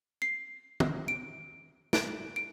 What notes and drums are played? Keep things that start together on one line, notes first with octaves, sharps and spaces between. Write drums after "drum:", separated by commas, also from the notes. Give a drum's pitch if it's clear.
C7
drum: tom
D7
D7, drum: snare
D7